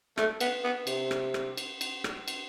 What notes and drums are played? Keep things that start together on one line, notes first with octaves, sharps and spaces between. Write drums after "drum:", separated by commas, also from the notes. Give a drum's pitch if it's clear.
A3, drum: rim click
B3, drum: cymbal
B3
C3, drum: cymbal
drum: rim click
drum: rim click
drum: cymbal
drum: cymbal
drum: rim click
drum: cymbal